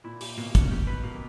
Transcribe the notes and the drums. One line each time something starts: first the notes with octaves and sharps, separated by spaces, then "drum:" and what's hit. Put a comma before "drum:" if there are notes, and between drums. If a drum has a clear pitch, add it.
A#2 E4
G4, drum: open hi-hat
B2 A#3
C#4, drum: kick, hi-hat
B2 G4
B4
B2 A#3